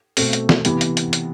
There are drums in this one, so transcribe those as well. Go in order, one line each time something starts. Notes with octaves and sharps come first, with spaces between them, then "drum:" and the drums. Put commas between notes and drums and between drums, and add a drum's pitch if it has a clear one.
B2 A3 C4, drum: open hi-hat
drum: hi-hat
drum: snare
C3 E3 B3, drum: hi-hat
drum: hi-hat
drum: hi-hat
drum: hi-hat